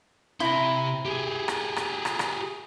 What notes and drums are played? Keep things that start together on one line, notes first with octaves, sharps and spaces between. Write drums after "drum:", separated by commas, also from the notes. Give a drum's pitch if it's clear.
C3 E4 A#5 C6
G4 G#4
drum: rim click
drum: rim click
drum: rim click
drum: rim click